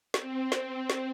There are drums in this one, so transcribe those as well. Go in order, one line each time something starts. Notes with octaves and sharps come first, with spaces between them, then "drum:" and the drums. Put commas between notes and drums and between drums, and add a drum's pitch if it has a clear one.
C4, drum: snare
drum: snare
drum: snare